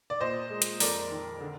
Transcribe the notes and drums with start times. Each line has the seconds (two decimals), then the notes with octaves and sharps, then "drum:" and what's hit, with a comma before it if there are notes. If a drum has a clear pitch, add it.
0.10 D5
0.21 A#2 C5 D#5
0.50 G#3
0.62 drum: hi-hat
0.80 F2 A#4 D5, drum: open hi-hat
1.10 D#3
1.41 D3